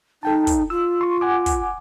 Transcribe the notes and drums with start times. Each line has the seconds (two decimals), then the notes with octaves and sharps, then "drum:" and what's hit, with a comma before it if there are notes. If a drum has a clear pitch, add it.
0.23 D#4 A4 G5 A5
0.47 drum: kick, hi-hat
0.70 F4 E6
1.01 C6 C#6
1.21 F#5 G#5 D6
1.46 drum: kick, hi-hat